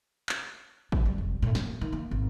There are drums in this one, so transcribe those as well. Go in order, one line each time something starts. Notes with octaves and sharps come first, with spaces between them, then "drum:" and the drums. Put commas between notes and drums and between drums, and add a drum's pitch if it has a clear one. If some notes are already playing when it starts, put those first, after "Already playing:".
drum: clap
F#3, drum: kick G#1
G3
F1
A2
A#3, drum: snare
D#3
A#3
G#1